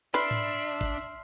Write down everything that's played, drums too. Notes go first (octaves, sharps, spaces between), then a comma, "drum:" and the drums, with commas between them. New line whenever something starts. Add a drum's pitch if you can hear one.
D4 B4 E5 C6 F6 C7, drum: snare
drum: tom G#2
drum: tambourine
drum: kick
drum: tambourine